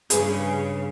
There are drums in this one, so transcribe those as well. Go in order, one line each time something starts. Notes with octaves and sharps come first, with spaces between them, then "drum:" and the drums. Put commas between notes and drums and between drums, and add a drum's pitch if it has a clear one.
G2 C#3 G#4 B4, drum: hi-hat